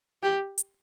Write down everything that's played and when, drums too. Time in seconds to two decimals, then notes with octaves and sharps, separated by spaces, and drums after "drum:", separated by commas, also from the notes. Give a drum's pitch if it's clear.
0.23 G4
0.58 drum: hi-hat